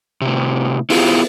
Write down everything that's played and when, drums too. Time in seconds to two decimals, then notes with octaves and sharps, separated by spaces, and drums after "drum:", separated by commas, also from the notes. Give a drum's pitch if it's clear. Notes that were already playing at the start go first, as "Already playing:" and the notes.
0.21 A2 C3
0.90 B3 E4 F4 G#4, drum: open hi-hat